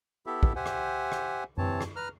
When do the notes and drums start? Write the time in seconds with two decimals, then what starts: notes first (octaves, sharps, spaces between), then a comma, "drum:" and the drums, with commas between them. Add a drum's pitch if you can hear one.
0.26 B3 E4 G4 A4 E5
0.43 drum: kick
0.56 G4 C5 E5 F#5 G#5
0.66 drum: rim click
1.12 drum: rim click
1.58 C3 E3 C4 C#5 A5, drum: tom F#2
1.81 drum: rim click
1.96 B4 A#5 F6